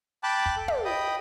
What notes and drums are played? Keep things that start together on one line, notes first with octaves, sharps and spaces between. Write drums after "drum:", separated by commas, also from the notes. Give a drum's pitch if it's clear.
G5 A5 B5 D6 F#6
drum: kick
A4
drum: tom
D#5 G5 B5 D#6